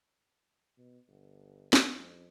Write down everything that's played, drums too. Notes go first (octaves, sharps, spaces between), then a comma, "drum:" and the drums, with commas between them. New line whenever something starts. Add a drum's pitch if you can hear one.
B2
G1
drum: snare
F2